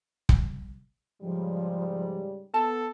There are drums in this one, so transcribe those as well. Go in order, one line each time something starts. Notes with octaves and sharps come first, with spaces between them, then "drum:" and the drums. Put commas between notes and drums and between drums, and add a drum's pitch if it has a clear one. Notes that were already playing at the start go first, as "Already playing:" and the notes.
drum: kick
G#2 C#3 F3 G3
B3 A4 A5